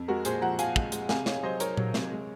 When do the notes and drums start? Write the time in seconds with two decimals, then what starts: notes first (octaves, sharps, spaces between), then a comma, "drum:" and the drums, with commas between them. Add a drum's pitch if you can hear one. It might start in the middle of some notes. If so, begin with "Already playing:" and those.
Already playing: F2
0.08 G#3 F#4 A#4
0.25 A#2 G#4 C5, drum: hi-hat
0.41 F3 F#5 A#5
0.59 F3 F5 G#5, drum: hi-hat
0.76 G#3, drum: kick
0.92 G#3, drum: hi-hat
1.09 C3 F5 G#5, drum: snare
1.26 D#4 C#5 F5, drum: snare
1.43 F#3 C5 D#5
1.60 D#4 A#4 C#5, drum: hi-hat
1.77 F#3, drum: tom A#2
1.94 C3, drum: snare
2.12 G#3